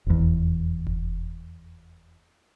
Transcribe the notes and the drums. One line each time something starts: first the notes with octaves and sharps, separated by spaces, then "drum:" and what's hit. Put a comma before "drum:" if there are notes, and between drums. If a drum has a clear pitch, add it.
F1 E2
drum: kick F1